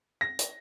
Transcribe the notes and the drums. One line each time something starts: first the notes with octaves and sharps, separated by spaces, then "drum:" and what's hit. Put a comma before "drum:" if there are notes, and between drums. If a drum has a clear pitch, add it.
A#6
drum: hi-hat